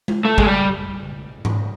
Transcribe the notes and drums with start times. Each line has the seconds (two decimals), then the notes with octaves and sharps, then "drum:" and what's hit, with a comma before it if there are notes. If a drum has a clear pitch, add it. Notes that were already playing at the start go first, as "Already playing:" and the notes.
0.08 drum: tom G#3
0.25 A3
0.38 G#3, drum: kick
0.46 G3
1.45 drum: tom G#2